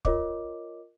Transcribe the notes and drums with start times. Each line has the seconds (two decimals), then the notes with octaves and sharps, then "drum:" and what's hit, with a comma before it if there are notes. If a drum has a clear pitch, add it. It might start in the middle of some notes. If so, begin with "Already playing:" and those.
0.05 F4 A#4 C#5 D#5 D6, drum: kick